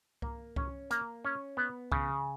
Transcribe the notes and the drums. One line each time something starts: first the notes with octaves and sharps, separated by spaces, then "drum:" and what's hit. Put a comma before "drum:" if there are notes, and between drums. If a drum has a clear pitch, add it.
A#3, drum: kick C2
C#4, drum: kick C2
A#3, drum: hi-hat
C#4
B3
C#3, drum: kick C2